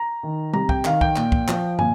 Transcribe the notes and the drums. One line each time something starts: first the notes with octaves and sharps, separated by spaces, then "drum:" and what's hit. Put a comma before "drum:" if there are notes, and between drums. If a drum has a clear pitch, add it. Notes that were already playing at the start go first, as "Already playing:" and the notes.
Already playing: A#5
D#3
C3 A#5, drum: tom G3
G5, drum: kick
D#3 F5, drum: clap
G5, drum: kick
A#2, drum: clap
drum: kick
F3, drum: clap
A#2 G#5, drum: tom